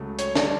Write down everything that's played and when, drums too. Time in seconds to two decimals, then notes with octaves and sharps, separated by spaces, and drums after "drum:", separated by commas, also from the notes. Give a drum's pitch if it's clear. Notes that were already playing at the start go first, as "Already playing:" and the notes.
Already playing: C#2 C#3 F#3 A3
0.19 C#5, drum: hi-hat
0.35 D3 G3, drum: snare